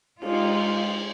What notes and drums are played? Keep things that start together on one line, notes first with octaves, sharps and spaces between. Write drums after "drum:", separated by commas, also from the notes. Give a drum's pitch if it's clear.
G#3 D#4 F4 G4, drum: cymbal